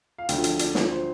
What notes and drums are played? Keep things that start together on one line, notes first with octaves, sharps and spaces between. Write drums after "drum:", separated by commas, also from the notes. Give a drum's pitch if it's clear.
F5
D2 D3 F3 G5, drum: hi-hat
drum: hi-hat
D5, drum: hi-hat
drum: snare
C5